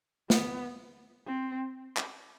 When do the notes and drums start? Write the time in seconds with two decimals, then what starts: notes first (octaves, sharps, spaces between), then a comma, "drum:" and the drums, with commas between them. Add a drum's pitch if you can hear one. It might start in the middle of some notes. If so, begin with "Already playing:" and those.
0.30 B3, drum: snare
1.27 C4
1.97 drum: clap